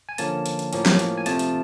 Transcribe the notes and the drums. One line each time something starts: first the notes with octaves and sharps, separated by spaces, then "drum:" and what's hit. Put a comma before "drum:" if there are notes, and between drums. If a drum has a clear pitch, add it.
G#5
D3 F3 A#3 C#4 A5, drum: hi-hat
drum: hi-hat
drum: hi-hat
A2 F3 A#3 C#4, drum: hi-hat
drum: snare
drum: hi-hat
G#5
C3 F3 A3 A5, drum: hi-hat
drum: hi-hat